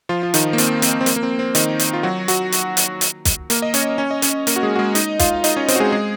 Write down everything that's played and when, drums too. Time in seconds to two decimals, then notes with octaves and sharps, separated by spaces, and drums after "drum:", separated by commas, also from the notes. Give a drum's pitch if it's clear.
0.09 F3 F4
0.23 F4
0.34 D#3 D#4, drum: hi-hat
0.53 A#3
0.58 C4, drum: hi-hat
0.82 C4, drum: hi-hat
1.01 C4
1.06 A#3, drum: hi-hat
1.16 A#3
1.23 C4
1.39 C4
1.55 D#3 D#4, drum: hi-hat
1.79 drum: hi-hat
1.93 F4
2.03 F#3 F#4
2.28 F#3 F#4, drum: hi-hat
2.52 drum: hi-hat
2.77 drum: hi-hat
3.01 drum: hi-hat
3.25 drum: kick, hi-hat
3.50 A#3 A#4, drum: hi-hat
3.62 D#5
3.74 C#4 C#5, drum: hi-hat
3.98 C#4 C#5
4.11 D#5
4.22 C#4 C#5, drum: hi-hat
4.47 A#3 A#4, drum: hi-hat
4.56 F#4
4.63 G#3 G#4
4.76 F#4
4.79 G#3 G#4
4.95 D#4 D#5, drum: hi-hat
5.19 F4 F5, drum: kick, hi-hat
5.44 D#4 D#5, drum: hi-hat
5.57 C#4 C#5
5.68 C4 C5, drum: hi-hat
5.76 F#4
5.80 G#3 G#4
5.92 G#3 G#4